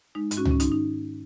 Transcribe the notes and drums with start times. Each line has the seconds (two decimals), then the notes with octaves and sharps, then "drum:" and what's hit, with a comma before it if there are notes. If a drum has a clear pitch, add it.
0.15 G#3 D#4
0.31 G#2, drum: hi-hat
0.37 C#4 F#4
0.45 D#3, drum: tom C#2
0.51 C#4
0.60 G#2 D#4, drum: hi-hat
0.72 D#4